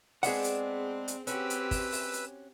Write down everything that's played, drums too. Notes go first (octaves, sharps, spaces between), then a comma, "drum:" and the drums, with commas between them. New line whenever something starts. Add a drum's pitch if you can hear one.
G#3 B3 C4 D4 G#4 F#5, drum: open hi-hat
drum: hi-hat
drum: hi-hat
C4 C#4 F#4 G4 B4 E6, drum: hi-hat
drum: hi-hat
drum: kick, open hi-hat
drum: open hi-hat
drum: hi-hat